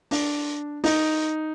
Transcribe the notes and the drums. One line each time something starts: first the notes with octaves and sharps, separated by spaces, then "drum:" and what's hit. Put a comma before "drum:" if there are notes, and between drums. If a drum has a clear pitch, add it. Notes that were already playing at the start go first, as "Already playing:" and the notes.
D4, drum: open hi-hat
D#4, drum: open hi-hat